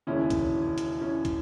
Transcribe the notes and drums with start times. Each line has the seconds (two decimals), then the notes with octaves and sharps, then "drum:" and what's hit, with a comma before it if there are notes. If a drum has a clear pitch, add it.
0.07 E1 D#2 C#3 C#4 E4
0.30 drum: kick, hi-hat
0.78 drum: hi-hat
1.01 C#4 E4
1.25 drum: kick, hi-hat